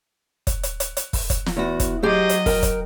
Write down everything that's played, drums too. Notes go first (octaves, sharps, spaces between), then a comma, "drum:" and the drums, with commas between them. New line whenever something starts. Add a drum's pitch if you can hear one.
drum: kick, hi-hat
drum: hi-hat
drum: hi-hat
drum: hi-hat
drum: kick, open hi-hat
drum: kick, hi-hat
drum: snare
E2 F#4
drum: kick, hi-hat
F#3 G4 G#4 C5 D#5
drum: hi-hat
A#4 G5, drum: kick, open hi-hat
drum: kick, hi-hat